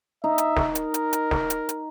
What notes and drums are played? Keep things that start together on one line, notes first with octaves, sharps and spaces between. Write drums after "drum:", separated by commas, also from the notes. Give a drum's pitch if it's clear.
D#4 E5
drum: hi-hat
drum: snare
A#4, drum: hi-hat
drum: hi-hat
drum: hi-hat
drum: snare
drum: hi-hat
drum: hi-hat